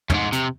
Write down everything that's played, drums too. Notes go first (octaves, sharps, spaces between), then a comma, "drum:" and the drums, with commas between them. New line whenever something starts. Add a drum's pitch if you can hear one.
F#2, drum: tom
G#2
C3, drum: hi-hat